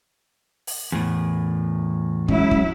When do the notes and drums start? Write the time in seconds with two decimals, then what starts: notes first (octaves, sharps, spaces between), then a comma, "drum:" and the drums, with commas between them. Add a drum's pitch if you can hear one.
0.67 drum: open hi-hat
0.92 E2 A2
2.28 F#3 G#3 C#4 E4, drum: kick
2.51 drum: kick